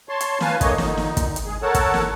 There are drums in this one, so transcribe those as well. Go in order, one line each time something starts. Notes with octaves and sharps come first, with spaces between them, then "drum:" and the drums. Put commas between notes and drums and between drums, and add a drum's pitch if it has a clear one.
C#5 A5 C6
drum: hi-hat
B4 F5 G#5 A5, drum: snare
G2 A3 A#3 C#5 D#5, drum: kick, hi-hat
A#2 D3 D#4, drum: snare
drum: snare
drum: kick, hi-hat
drum: hi-hat
G#3 G#4
A4 A#4 C#5 F#5 A5
drum: kick, hi-hat
drum: snare